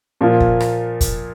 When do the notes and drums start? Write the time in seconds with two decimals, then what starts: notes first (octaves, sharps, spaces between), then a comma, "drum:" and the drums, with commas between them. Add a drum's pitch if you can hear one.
0.21 A#2 F3 A#3 F4
0.40 drum: kick
0.60 drum: rim click
1.01 drum: kick, hi-hat